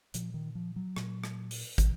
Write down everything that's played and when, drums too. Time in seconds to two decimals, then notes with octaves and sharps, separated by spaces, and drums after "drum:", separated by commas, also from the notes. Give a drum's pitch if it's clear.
0.14 A#2 F3, drum: hi-hat
0.34 D#3
0.55 F3
0.76 F#3
0.96 A#2, drum: rim click
1.24 drum: rim click
1.51 drum: open hi-hat
1.78 B2 E3, drum: kick, hi-hat